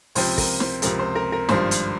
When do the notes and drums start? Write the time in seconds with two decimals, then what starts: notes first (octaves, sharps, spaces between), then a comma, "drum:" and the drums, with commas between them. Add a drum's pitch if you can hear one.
0.15 C#2 C3 F3 C4 C5, drum: open hi-hat
0.38 A#4, drum: kick, open hi-hat
0.60 C5, drum: snare
0.82 C#2 C3 F3 C4 A#4, drum: hi-hat
0.99 C5
1.15 A#4
1.32 A#4
1.49 G#1 G2 F3 C5, drum: snare
1.71 drum: hi-hat